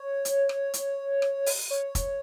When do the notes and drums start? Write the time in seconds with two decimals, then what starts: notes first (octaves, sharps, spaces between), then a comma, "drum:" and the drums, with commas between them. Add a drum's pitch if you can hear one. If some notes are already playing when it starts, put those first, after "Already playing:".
Already playing: C#5
0.25 drum: hi-hat
0.49 drum: rim click
0.74 drum: hi-hat
1.22 drum: rim click
1.46 drum: open hi-hat
1.70 C#5
1.95 drum: kick, hi-hat